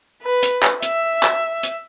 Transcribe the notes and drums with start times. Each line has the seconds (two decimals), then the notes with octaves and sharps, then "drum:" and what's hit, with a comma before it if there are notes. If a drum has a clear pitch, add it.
0.22 B4
0.43 drum: hi-hat
0.63 drum: clap
0.82 E5, drum: hi-hat
1.23 drum: clap
1.63 drum: hi-hat